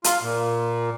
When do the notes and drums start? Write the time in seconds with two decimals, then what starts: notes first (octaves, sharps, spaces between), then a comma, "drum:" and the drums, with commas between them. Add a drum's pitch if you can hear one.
0.04 F4, drum: hi-hat
0.22 A#2